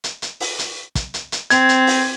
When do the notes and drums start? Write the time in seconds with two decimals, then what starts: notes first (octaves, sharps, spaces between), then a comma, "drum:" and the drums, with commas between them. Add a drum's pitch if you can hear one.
0.04 drum: hi-hat
0.22 drum: hi-hat
0.40 drum: open hi-hat
0.59 drum: hi-hat
0.95 drum: kick, hi-hat
1.14 drum: hi-hat
1.32 drum: hi-hat
1.50 C4 G#6, drum: hi-hat
1.69 drum: hi-hat
1.87 drum: open hi-hat